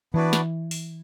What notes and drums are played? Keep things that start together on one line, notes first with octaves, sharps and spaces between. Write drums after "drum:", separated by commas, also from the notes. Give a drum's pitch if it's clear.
E3 B3 D4 F#4 B4 D5
drum: snare
drum: open hi-hat